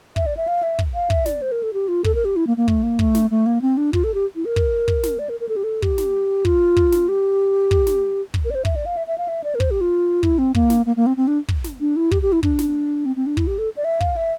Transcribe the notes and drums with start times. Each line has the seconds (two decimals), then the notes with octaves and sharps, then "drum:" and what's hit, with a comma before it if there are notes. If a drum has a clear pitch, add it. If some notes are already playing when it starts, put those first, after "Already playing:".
0.16 E5, drum: kick
0.26 D5
0.37 E5
0.48 F5
0.63 E5
0.79 drum: kick
0.94 F5
1.10 E5, drum: kick
1.26 D5, drum: snare
1.42 C5
1.52 A#4
1.63 A4
1.73 G4
1.88 F4
2.04 A4, drum: kick
2.15 A#4
2.25 G4
2.36 E4
2.47 A#3
2.57 A#3
2.68 A3, drum: kick
2.83 A#3
2.99 A3, drum: kick
3.15 drum: snare
3.31 A3
3.46 A#3
3.62 C4
3.77 D4
3.93 F4, drum: kick
4.04 A4
4.14 G4
4.36 E4
4.45 A#4
4.56 drum: kick
4.88 drum: kick
5.03 drum: snare
5.19 D5
5.29 A#4
5.40 A#4
5.49 A4
5.56 G4
5.64 A4
5.82 G4, drum: kick
5.98 drum: snare
6.45 F4, drum: kick
6.76 drum: kick
6.92 drum: snare
7.09 G4
7.71 drum: kick
7.87 drum: snare
8.34 drum: kick
8.45 A#4
8.51 D5
8.55 C5
8.65 E5, drum: kick
8.76 D5
8.86 F5
8.97 E5
9.07 E5
9.18 F5
9.28 E5
9.44 D5
9.55 A#4
9.60 C5, drum: kick
9.71 G4
9.81 F4
10.23 E4, drum: kick
10.38 C4
10.55 A#3, drum: kick
10.70 drum: snare
10.86 A#3
10.97 A#3
11.06 C4
11.17 C4
11.27 D4
11.48 drum: kick
11.64 drum: snare
11.80 D4
11.96 E4
12.11 G4, drum: kick
12.22 G4
12.32 E4
12.43 D4, drum: kick
12.59 drum: snare
13.06 C4
13.16 C4
13.26 D4
13.37 E4, drum: kick
13.47 G4
13.58 A4
13.77 D5
13.85 E5
14.01 F5, drum: kick
14.16 E5